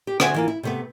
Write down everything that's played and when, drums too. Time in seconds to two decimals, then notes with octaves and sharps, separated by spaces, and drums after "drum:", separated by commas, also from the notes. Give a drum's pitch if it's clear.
0.07 G4
0.20 D3 C4 F#4 E5 G#5, drum: rim click
0.34 E3 A#3 F4
0.48 E4
0.63 C3 A3 B3